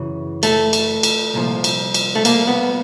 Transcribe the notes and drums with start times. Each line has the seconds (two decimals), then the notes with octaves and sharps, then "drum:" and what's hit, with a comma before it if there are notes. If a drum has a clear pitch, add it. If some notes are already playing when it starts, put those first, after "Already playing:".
Already playing: F#2 C#3 E3
0.43 A3, drum: cymbal
0.73 drum: cymbal
1.03 drum: cymbal
1.34 C2 A#2 F3
1.64 drum: cymbal
1.94 drum: cymbal
2.15 A3
2.25 A#3, drum: cymbal
2.47 B3